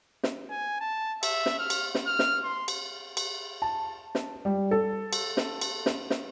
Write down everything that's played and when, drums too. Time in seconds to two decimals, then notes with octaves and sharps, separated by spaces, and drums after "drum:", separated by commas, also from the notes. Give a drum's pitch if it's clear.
0.23 drum: snare
0.50 G#5
0.80 A5
1.23 E5, drum: cymbal
1.46 drum: snare
1.59 F6
1.70 drum: cymbal
1.95 drum: snare
2.07 F6
2.19 drum: snare
2.44 C6
2.68 drum: cymbal
3.17 drum: cymbal
3.62 A5
4.15 drum: snare
4.45 G3
4.71 A4
5.13 drum: cymbal
5.37 drum: snare
5.61 drum: cymbal
5.86 drum: snare
6.10 drum: snare